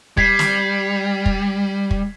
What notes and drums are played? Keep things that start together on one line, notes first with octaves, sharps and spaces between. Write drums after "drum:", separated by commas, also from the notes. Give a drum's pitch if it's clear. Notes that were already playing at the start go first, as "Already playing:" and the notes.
G3 G#6 B6 C7, drum: kick
drum: snare
drum: kick
drum: kick